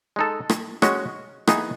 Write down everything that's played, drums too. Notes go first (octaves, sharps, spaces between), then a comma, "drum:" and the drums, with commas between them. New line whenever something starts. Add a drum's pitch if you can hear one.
G#3 D#4 A4
drum: rim click
G#3 C#4 F#4, drum: rim click
E3 B3 D#4 G#4, drum: rim click